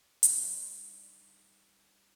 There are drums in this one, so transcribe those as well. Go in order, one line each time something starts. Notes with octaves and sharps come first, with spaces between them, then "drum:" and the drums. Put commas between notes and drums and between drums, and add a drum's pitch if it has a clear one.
G3 D4 D#4 F4, drum: hi-hat